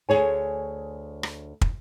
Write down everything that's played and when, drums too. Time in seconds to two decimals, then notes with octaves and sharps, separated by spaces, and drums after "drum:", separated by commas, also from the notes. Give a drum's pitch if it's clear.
0.09 D2 A#2 G#4 C#5 G#5
1.23 drum: rim click
1.61 drum: kick